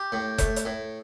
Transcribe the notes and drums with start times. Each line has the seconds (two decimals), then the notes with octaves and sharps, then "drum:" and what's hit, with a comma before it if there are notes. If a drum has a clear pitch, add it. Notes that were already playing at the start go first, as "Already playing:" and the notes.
Already playing: G4
0.12 A2
0.38 A3, drum: kick F1, hi-hat
0.56 drum: hi-hat
0.65 A2